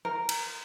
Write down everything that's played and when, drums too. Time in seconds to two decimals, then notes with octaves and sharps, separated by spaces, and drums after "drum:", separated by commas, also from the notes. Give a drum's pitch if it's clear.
0.05 A#4
0.29 drum: cymbal